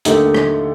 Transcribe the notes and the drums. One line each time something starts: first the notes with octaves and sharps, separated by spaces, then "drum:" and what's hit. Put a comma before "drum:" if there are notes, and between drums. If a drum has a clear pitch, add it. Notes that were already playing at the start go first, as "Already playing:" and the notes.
D#2 D3 A3 D#4 G4, drum: hi-hat
drum: rim click